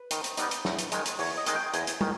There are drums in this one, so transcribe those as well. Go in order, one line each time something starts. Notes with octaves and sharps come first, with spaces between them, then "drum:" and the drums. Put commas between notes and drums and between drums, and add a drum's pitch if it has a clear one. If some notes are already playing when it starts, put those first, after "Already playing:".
Already playing: B4
D#3, drum: hi-hat
drum: hi-hat
G3 B3 D#4, drum: hi-hat
drum: hi-hat
E2, drum: snare
drum: hi-hat
D#3 G#3, drum: hi-hat
drum: hi-hat
E2 C#5, drum: open hi-hat
D#5
D#3 G#3, drum: hi-hat
G5
E2 G#5, drum: hi-hat
drum: hi-hat
D#3, drum: tom